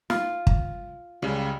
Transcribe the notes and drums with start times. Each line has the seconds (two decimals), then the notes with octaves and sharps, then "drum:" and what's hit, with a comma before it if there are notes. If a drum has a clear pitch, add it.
0.10 F4, drum: snare
0.47 drum: kick
1.22 C#2 C#3 G3